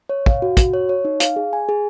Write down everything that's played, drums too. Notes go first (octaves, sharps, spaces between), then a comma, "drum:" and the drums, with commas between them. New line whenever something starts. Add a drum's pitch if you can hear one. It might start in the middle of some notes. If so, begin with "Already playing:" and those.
C#5
F5, drum: kick
F#4
F#4, drum: kick, hi-hat
C#5
C#5
D#4
F5, drum: hi-hat
G#4
G#5
G#4